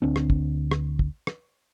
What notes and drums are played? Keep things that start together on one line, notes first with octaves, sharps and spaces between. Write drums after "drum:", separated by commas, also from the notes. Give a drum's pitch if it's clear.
D2 C4 D4
drum: rim click
drum: kick
drum: rim click
drum: kick
drum: rim click